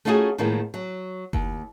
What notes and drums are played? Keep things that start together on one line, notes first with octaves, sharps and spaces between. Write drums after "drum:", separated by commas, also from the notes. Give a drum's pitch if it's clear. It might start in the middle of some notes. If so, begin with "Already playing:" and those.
A3 C#4 D#4 F4 F#4 G#4
A2 D#3 F3 G#3 A#3 B3
F#3
D#2, drum: kick F#1